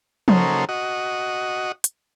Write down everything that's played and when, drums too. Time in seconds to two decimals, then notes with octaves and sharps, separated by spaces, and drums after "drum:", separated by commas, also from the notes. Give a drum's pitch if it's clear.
0.28 C#3 F#3 A#3 D#4 A4 C5, drum: tom F3
0.69 F#4 D#5
1.84 drum: hi-hat